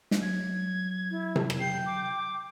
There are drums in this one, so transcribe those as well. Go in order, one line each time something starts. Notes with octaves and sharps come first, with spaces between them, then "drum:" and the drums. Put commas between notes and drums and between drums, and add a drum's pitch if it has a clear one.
drum: snare
F#3 G#6
E4
drum: tom C3
drum: rim click
G5 C7
D6